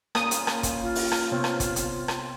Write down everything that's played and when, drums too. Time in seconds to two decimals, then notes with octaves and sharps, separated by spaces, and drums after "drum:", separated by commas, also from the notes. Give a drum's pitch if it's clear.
0.15 A#2 C#3 A#3 D#6, drum: rim click
0.31 drum: hi-hat
0.47 drum: rim click
0.63 drum: kick, hi-hat
0.82 F4
0.95 drum: open hi-hat
1.12 drum: rim click
1.32 C3 B3 C4 C#5
1.44 drum: rim click
1.60 drum: kick, hi-hat
1.76 drum: hi-hat
2.08 drum: rim click